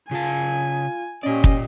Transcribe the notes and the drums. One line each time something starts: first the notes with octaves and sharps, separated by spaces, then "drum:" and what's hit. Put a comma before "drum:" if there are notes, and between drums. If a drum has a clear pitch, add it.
C#3 F4 G#5 A5
A#2 C#4 G4 D5 D#5
drum: kick